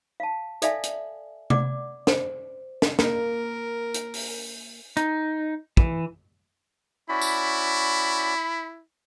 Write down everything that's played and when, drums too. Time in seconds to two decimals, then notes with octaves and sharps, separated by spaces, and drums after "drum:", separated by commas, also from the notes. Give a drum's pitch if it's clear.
0.20 F5 A5
0.62 A4 D5 E5 F5 G#5, drum: hi-hat
0.83 drum: hi-hat
1.50 D5 F#5 D6, drum: tom C3
2.07 C5, drum: snare
2.82 drum: snare
2.99 A#3 A#4, drum: snare
3.94 drum: hi-hat
4.14 drum: open hi-hat
4.97 D#4, drum: hi-hat
5.77 E3, drum: kick
7.09 C#4 E4 F#4 D5 B5
7.21 drum: tambourine